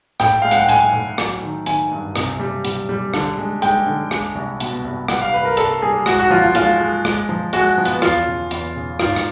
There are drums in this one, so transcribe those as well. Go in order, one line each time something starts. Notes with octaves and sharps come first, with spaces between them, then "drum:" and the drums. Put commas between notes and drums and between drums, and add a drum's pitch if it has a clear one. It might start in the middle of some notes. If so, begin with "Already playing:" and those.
A2 G5, drum: rim click
G#3 F5
F#5, drum: hi-hat
G5
A2 G#5, drum: hi-hat
A2
F#3, drum: rim click
D#3
D#3 G#5, drum: hi-hat
G2
C3, drum: rim click
G3
G3, drum: hi-hat
G3
D3, drum: rim click
G#3
G#3 G5, drum: hi-hat
D3
G#3, drum: rim click
C2
B2, drum: hi-hat
C2
G3 F#5, drum: rim click
F5
C2 B4
A#4
C2 A4, drum: hi-hat
G3 G#4
G#3 F#4, drum: rim click
F#4
F3 F4
F4
G#3 F4, drum: hi-hat
G#3
G#3, drum: rim click
F3
G#3 F#4, drum: hi-hat
F3
B3, drum: hi-hat
E2 F4, drum: rim click
C#3
E2, drum: hi-hat
C#3
G#2 F4, drum: rim click
drum: rim click